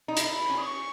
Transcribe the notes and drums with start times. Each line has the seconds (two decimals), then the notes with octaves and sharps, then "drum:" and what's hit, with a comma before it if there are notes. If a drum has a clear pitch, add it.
0.08 D#4 B5
0.17 E4 A#5, drum: hi-hat
0.34 B5
0.50 C#4
0.57 D#6
0.62 C#6